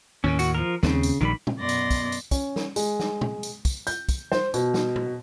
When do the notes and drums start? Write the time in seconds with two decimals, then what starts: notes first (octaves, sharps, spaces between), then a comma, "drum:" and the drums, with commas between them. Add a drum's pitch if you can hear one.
0.24 D#2 A2 D#3 C#4
0.39 F#4, drum: tambourine
0.55 F3 A#4
0.83 D#2 C#3 A#3 C4, drum: snare
1.03 drum: tambourine
1.21 A#1 D#3 G3 B5
1.47 drum: tom
1.57 F#2 B2 B3 D5 C6 A#6
1.69 drum: tambourine
1.91 drum: kick, tambourine
2.12 drum: tambourine
2.31 C#4, drum: kick, tambourine
2.56 drum: snare
2.76 G#3, drum: tambourine
3.00 drum: snare
3.21 drum: tom
3.43 drum: tambourine
3.65 drum: kick, tambourine
3.87 G6, drum: tambourine
4.09 drum: kick, tambourine
4.32 C5, drum: snare
4.54 B2, drum: tambourine
4.74 drum: snare
4.96 drum: tom A#2